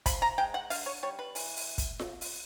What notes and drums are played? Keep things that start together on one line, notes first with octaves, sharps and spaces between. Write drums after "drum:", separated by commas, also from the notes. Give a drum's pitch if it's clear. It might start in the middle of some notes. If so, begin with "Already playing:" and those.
F3 B5, drum: kick, hi-hat
A#5
G#3 G5
F#5
D3 F5, drum: open hi-hat
C#5
G3 C#5
B4
E3, drum: open hi-hat
drum: open hi-hat
drum: kick, hi-hat
drum: snare F4
drum: open hi-hat